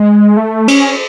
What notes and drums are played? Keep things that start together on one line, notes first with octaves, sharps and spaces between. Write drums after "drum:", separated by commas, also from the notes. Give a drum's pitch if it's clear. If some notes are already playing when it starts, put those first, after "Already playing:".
Already playing: G#3
A3
C#4, drum: cymbal